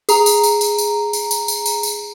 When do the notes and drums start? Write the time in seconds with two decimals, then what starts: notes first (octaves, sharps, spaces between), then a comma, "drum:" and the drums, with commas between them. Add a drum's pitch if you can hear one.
0.09 G#4 A#5, drum: tambourine
0.26 drum: tambourine
0.44 drum: tambourine
0.61 drum: tambourine
0.78 drum: tambourine
1.13 drum: tambourine
1.31 drum: tambourine
1.48 drum: tambourine
1.66 drum: tambourine
1.83 drum: tambourine